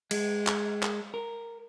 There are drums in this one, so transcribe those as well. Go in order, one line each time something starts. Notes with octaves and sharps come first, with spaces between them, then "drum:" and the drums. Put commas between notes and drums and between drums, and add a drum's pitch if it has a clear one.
G#3, drum: cymbal
drum: clap
drum: clap
A#4